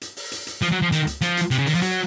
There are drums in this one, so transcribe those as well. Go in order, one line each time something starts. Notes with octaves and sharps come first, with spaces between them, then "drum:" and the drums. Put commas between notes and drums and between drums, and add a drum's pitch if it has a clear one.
drum: hi-hat
drum: open hi-hat
drum: hi-hat
drum: hi-hat
F3, drum: hi-hat
F#3
F3
D#3, drum: hi-hat
drum: hi-hat
F3, drum: hi-hat
drum: hi-hat
C3, drum: hi-hat
C#3
D#3, drum: open hi-hat
F3
F#3, drum: hi-hat